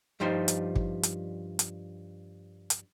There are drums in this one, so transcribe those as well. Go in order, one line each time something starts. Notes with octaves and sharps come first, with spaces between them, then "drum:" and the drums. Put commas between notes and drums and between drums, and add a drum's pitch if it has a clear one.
G2 F3 G3 D#4 C5
drum: hi-hat
drum: kick
drum: hi-hat
drum: hi-hat
drum: hi-hat